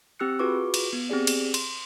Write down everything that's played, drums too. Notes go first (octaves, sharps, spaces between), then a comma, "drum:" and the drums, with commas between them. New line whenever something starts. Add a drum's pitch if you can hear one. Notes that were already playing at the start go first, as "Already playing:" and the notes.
C4 G4 E6 F#6 C#7
F4 F#4 G#4 B4 C#6 D6
drum: cymbal
B3
C4 G4 G#4 D5
drum: cymbal
C6, drum: cymbal